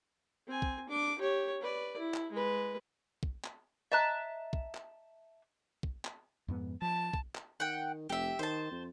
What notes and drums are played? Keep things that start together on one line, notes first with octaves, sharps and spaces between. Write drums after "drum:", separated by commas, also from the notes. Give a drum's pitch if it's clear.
C4 G#5
drum: kick
D4 D6
G4 C#5
B4 D5
E4
drum: clap
G#3 B4
drum: kick
drum: clap
D#5 E5 A5 A#5 F#6
drum: kick
drum: clap
drum: kick
drum: clap
F2 G#2 B3
F3 A5
drum: kick
drum: clap
D#3 F#5 G5
F1 G4 E5
D#3 C5 A5
F2